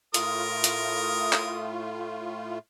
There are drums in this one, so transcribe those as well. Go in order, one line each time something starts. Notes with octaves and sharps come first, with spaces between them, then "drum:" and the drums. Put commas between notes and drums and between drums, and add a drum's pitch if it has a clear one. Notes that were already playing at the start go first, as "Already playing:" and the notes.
A2 A3 F4 A#4 D#6, drum: hi-hat
drum: hi-hat
drum: clap